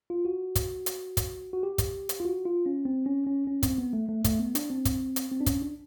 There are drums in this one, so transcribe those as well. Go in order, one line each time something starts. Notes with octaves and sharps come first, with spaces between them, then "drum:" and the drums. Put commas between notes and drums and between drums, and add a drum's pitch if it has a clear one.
F4
F#4
drum: kick, hi-hat
drum: hi-hat
drum: kick, hi-hat
F#4
G4
drum: kick, hi-hat
drum: hi-hat
F4
F#4
F4
C#4
C4
C#4
C#4
C#4
C4, drum: kick, hi-hat
B3
A3
A3
A3, drum: kick, hi-hat
B3
D4, drum: hi-hat
C4
drum: kick, hi-hat
drum: hi-hat
C4
D4
C#4, drum: kick, hi-hat
D4